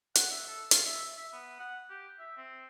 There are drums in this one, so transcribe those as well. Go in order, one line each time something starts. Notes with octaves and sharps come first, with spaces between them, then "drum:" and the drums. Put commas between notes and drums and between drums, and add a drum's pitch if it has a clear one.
F#5, drum: hi-hat
E5
A4
F4, drum: hi-hat
E5
E5
B3
F#5
G4
E5
C4